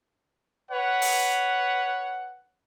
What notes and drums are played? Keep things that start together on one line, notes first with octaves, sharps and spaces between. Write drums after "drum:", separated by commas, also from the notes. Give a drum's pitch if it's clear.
B4 C#5 F#5
drum: open hi-hat